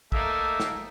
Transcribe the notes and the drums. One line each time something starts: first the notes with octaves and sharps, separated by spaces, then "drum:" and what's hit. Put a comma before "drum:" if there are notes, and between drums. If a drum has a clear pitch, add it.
A3 A#3 D#4 E5, drum: kick
drum: snare